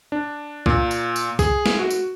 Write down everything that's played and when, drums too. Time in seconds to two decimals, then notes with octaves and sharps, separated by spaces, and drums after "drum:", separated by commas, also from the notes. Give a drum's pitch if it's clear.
0.12 D4
0.66 A#2, drum: kick
0.91 drum: tambourine
1.16 drum: tambourine
1.39 G#4, drum: kick, tambourine
1.66 drum: snare
1.79 F#4
1.91 drum: tambourine